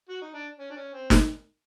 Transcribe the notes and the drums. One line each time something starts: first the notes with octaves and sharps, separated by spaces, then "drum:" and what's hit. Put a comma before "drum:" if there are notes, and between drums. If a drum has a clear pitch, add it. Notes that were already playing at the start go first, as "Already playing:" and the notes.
F#4
D#4
D4
C#4
D4
C#4
C4
drum: snare